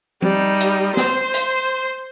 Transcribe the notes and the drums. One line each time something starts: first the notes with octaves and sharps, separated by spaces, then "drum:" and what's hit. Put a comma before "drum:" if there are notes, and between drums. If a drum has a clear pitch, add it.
G3 D#4, drum: tom F3
drum: hi-hat
C5 C6, drum: snare
drum: hi-hat